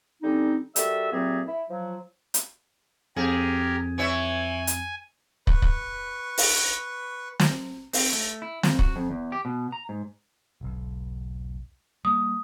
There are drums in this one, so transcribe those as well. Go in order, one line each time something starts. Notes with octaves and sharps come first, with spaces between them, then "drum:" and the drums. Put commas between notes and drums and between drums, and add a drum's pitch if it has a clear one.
D3 G3 C4 C#4 D#4
G3 F#4 A4 A#4 E5 E6, drum: hi-hat
A#2 E3 F#3 C4 G4 G#4
E4
F3 F#3
drum: hi-hat
F2 G4 G#4 A#4
E3 C#5 E5 G#5
drum: hi-hat
B4 C#6, drum: kick
drum: kick
drum: open hi-hat
drum: snare
C4, drum: open hi-hat
A3
E4
F2, drum: snare
F#4, drum: kick
F2
E2
G4
B2
A#5
G#2
E1 B1
G3 A#3 D#6